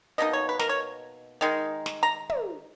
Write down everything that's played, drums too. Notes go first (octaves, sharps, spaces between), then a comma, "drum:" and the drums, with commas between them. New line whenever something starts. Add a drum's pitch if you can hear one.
B2 A#3 D#4 D#5
C#5
B4
A#4, drum: snare
C#5
D#3 G#3 D#4
drum: snare
A#5
drum: tom